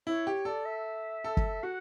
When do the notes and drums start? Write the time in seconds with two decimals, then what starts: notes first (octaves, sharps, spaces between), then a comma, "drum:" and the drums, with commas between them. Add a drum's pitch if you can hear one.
0.07 E4 C#5
0.27 G4
0.45 A4 D5
0.65 E5
1.24 A4
1.37 drum: kick
1.63 F#4 F#5